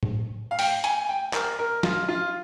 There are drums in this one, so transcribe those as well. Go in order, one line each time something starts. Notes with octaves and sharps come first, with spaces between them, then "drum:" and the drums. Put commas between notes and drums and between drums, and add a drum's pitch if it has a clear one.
drum: tom
F5
G5, drum: open hi-hat
G#5, drum: hi-hat
G5
A#4, drum: clap
A#4
F4, drum: snare
F4